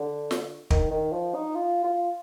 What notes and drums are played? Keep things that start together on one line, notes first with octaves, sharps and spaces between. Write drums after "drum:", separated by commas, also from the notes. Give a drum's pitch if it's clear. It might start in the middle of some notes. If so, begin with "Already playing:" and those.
Already playing: D3
drum: snare
D#3, drum: kick
D#3
F3
D#4
F4
F4